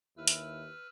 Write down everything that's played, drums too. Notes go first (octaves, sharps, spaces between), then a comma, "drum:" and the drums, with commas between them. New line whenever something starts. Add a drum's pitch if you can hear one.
D#2 E4 B4 E6 F6
drum: hi-hat